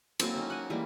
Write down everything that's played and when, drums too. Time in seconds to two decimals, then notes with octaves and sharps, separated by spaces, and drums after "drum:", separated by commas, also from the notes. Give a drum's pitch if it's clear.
0.19 F#3 A#3 C4 C5, drum: cymbal
0.36 C#4 D#4
0.50 F#5 G#5
0.70 E3 G3 G#3 A#3